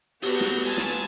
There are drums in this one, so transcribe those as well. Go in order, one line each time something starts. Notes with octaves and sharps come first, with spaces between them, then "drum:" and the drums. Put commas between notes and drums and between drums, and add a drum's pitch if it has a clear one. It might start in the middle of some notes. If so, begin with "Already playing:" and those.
B3 F#4 G4 B4, drum: open hi-hat
drum: snare
F4 B4 G#5 A5
drum: snare